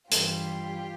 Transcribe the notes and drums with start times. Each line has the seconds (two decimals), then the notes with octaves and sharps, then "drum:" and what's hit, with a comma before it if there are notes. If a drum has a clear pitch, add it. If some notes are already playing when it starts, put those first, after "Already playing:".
0.11 G2 E3 G3 F4 G4, drum: hi-hat